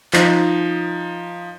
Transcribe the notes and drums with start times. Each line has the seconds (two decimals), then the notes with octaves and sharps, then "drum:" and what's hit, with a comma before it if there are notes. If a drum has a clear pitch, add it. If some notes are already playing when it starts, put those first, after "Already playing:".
0.13 F3 D#4, drum: clap